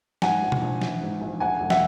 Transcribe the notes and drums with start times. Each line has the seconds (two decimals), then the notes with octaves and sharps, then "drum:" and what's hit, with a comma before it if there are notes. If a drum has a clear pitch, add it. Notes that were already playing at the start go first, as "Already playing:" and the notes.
0.22 G#2 F#5 G#5, drum: snare
0.42 A#1
0.52 drum: tom B2
0.62 A#1
0.81 E3, drum: snare
1.01 G#2
1.21 A#1
1.40 D2 F#5 G#5
1.60 E1
1.70 E5 F#5, drum: snare